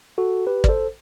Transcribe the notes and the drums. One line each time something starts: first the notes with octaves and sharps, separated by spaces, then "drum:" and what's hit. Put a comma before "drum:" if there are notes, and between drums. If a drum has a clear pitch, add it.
F#4 A4
G4 B4
D5, drum: kick
A4 C5